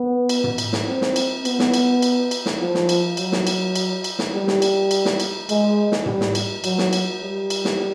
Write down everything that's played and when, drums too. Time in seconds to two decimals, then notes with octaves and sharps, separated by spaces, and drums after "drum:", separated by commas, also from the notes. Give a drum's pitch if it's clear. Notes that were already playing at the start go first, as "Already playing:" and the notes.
Already playing: B3
0.29 drum: cymbal
0.44 drum: tom
0.58 drum: cymbal
0.73 drum: snare
0.88 C4
1.02 drum: snare
1.16 drum: cymbal
1.45 B3, drum: cymbal
1.59 drum: snare
1.74 drum: cymbal
2.02 drum: cymbal
2.31 drum: cymbal
2.46 drum: snare
2.61 F3
2.75 drum: snare
2.89 drum: cymbal
3.17 F#3, drum: cymbal
3.32 drum: snare
3.47 drum: cymbal
3.75 drum: cymbal
4.04 drum: cymbal
4.19 drum: snare
4.34 G3
4.48 drum: snare
4.62 drum: cymbal
4.91 drum: cymbal
5.05 drum: snare
5.20 drum: cymbal
5.49 G#3, drum: cymbal
5.92 drum: snare
6.06 G3, drum: tom
6.21 drum: snare
6.35 drum: cymbal
6.64 F#3, drum: cymbal
6.78 drum: snare
6.93 drum: cymbal
7.22 G3
7.50 drum: cymbal
7.65 drum: snare